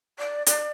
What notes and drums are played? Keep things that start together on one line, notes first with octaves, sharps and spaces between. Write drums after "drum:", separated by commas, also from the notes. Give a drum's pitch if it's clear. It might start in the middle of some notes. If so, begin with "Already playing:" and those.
D5
D5, drum: hi-hat